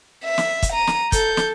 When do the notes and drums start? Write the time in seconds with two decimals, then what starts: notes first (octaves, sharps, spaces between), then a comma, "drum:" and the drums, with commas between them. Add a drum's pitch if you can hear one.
0.25 E5
0.38 drum: snare
0.63 drum: kick, hi-hat
0.72 A#5 D#7
0.87 drum: snare
1.12 A4 G6, drum: kick, hi-hat
1.37 drum: snare